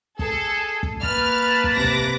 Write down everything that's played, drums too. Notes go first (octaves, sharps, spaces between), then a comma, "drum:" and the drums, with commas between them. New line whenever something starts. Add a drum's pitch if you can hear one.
G#4 A4, drum: kick
drum: kick
A#3 B4 A5 F6, drum: kick
drum: kick
C3 D6 A#6
drum: kick